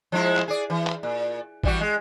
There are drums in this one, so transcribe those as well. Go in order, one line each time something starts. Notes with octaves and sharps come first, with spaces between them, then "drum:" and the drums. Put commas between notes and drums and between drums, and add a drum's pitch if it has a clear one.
F3 G#3 E4
drum: clap
G#4 D5
E3
drum: clap
A#2
E3 G3 F#4, drum: kick
G#3